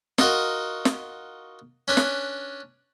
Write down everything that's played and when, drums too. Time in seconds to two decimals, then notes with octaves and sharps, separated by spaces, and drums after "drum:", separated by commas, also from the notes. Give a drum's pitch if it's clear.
0.18 D#4 F4 F#4 A#4 D#5, drum: snare
0.85 drum: snare
1.88 C#4 D4 B4
1.97 drum: snare